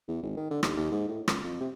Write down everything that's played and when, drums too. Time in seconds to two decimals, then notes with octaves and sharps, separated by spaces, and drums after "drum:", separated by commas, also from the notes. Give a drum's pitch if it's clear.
0.08 E2
0.23 G#1
0.37 D#3
0.51 D3
0.63 D#2, drum: rim click
0.77 D#2
0.91 G#2
1.09 A2
1.28 C#2, drum: rim click
1.44 F2
1.60 C3